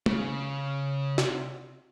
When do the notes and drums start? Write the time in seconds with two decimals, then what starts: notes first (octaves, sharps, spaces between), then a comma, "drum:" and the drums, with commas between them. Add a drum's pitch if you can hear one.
0.06 C#3, drum: tom
1.18 C3, drum: snare